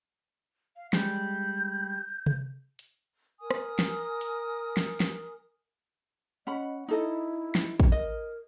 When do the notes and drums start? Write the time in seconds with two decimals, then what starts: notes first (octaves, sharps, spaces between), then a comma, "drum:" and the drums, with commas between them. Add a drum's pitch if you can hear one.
0.76 F5
0.93 G3 G#3 G6, drum: snare
2.26 drum: tom C3
2.79 drum: hi-hat
3.39 A#4 G#5 D#6
3.51 drum: rim click
3.79 drum: snare
4.21 drum: hi-hat
4.77 drum: snare
5.00 drum: snare
6.47 C#4 D#5 F#5 B5
6.88 D#4 E4 A4 D#5
7.55 drum: snare
7.80 drum: kick
7.92 A#4 D#5